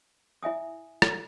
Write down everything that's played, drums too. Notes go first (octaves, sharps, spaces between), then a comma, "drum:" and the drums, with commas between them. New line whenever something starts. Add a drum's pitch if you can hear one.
E4 E5 G#5 D#6
drum: rim click